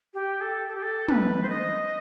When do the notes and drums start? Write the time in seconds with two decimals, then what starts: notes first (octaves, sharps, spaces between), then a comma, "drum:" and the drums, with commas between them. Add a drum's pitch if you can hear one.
0.14 G4
0.41 A4
0.68 A4
0.75 G4
0.83 A4
1.08 B4, drum: tom
1.42 C5
1.49 D#5